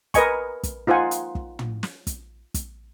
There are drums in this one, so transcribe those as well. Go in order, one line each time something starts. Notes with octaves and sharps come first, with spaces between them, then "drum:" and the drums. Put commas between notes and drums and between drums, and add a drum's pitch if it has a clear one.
A#4 B4 D#5 G#5 C#6, drum: kick, hi-hat
drum: kick, hi-hat
D#4 F4 C5 F#5 G#5
drum: hi-hat
drum: kick
drum: tom
drum: snare
drum: kick, hi-hat
drum: kick, hi-hat